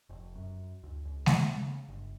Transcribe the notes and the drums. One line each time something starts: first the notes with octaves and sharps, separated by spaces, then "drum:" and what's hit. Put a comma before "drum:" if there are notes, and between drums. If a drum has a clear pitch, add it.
F1
F#2
D2
C#2
A3, drum: snare G#3
C#3
G1